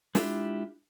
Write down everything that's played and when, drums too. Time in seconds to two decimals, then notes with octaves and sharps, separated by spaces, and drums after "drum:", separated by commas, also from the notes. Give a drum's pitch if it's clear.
0.15 G#3 D4 E4 F4 G4, drum: snare